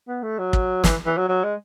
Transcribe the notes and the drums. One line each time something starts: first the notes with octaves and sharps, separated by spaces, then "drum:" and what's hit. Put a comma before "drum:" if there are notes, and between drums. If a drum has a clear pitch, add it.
B3
A3
F#3
drum: kick
E3, drum: snare
E3
F#3
F#3
G#3